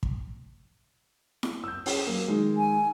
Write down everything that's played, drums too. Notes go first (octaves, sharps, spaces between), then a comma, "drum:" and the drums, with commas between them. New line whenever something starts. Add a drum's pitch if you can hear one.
drum: kick
drum: snare E4
E6 G6
C#4 G#4, drum: open hi-hat
F#3 A#3
D#3 G#3
G#5